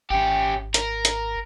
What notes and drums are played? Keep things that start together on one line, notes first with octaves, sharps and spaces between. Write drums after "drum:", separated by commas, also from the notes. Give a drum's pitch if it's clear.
G#1 C#4 G4
A#4, drum: hi-hat
drum: hi-hat